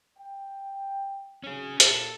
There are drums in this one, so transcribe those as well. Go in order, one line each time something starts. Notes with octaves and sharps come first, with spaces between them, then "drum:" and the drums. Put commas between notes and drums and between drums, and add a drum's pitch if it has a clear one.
G5
G#1 C#3 F#3 C#4 G#4
A#2 A4, drum: hi-hat